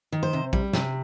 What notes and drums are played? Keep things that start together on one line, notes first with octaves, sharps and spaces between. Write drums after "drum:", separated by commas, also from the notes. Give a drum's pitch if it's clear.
D#3
C5
C3
G3, drum: kick A#1
C3, drum: snare